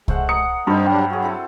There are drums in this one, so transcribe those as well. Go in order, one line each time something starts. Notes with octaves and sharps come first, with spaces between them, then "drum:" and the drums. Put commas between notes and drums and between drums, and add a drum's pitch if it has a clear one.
G#3 A3 C5 F#5, drum: kick C2
A#5 D#6 C#7
G2 G3 C4 D#4 A4 C5
F#3 G3 D4 G5
F#3 F#4 G#4
C4 E4 A4